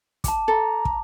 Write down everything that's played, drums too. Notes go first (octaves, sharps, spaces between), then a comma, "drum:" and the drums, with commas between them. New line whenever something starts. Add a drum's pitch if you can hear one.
A5 D6, drum: kick, hi-hat
A4 A#5
drum: kick